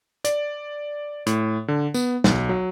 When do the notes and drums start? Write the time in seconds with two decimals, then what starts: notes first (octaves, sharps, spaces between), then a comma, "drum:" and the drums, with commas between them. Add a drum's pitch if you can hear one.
0.24 D5, drum: hi-hat
1.26 A2, drum: hi-hat
1.68 D3
1.94 B3, drum: tambourine
2.24 B1, drum: snare
2.49 F#3